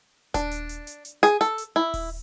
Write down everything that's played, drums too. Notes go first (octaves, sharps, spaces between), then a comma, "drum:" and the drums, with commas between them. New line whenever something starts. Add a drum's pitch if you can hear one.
D4, drum: kick D#1, hi-hat
drum: hi-hat
drum: hi-hat
drum: hi-hat
drum: hi-hat
G#4, drum: hi-hat
A4, drum: hi-hat
drum: hi-hat
E4
drum: kick D#1, open hi-hat